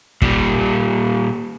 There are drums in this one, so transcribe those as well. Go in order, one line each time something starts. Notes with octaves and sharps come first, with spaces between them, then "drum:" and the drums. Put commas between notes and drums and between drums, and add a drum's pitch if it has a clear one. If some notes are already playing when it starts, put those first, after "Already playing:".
A#2 G3, drum: kick